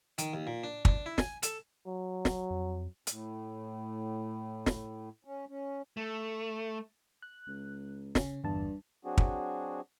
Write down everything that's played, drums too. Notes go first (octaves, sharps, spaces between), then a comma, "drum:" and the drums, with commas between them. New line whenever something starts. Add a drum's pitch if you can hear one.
D#3, drum: hi-hat
D#2
A#2
D4
D4, drum: kick
E4
G#5, drum: snare
A4, drum: hi-hat
F#3
drum: snare
F2
A2, drum: hi-hat
drum: snare
C#4
C#4
A3
F#6
C#2
C#3 C#4, drum: snare
G1 E2 G2 A5
F#3 C4 D4 F#4 G#4
drum: kick